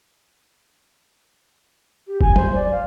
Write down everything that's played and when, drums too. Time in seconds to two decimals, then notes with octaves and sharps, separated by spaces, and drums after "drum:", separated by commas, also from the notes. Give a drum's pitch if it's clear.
2.07 G4
2.21 G#5, drum: kick
2.36 C5, drum: tom F#3
2.54 D5
2.71 F5